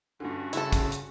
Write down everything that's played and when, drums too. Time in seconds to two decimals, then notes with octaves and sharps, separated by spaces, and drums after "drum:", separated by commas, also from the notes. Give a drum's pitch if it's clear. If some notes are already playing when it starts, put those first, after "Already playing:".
0.20 G2 D3 C#4 F#4
0.53 C#3 E4 A4, drum: hi-hat
0.72 drum: kick, hi-hat
0.92 drum: hi-hat